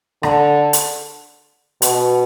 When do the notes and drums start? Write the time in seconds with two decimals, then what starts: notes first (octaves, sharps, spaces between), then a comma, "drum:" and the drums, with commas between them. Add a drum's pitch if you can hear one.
0.23 D3, drum: rim click
0.73 drum: hi-hat
1.82 B2, drum: hi-hat